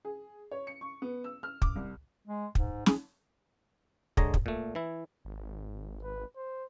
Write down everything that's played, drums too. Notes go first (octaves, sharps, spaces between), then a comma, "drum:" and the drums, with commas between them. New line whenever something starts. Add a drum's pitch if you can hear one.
G#4
C#5
C#7
C#6
B3
E6
F6
D6, drum: kick
C2
G#3
G#2, drum: kick
G#4, drum: snare
D3 G#3 C#5 D#5 A#5, drum: kick
drum: kick
A#2 A3
E3 E4
G#1
B4
C5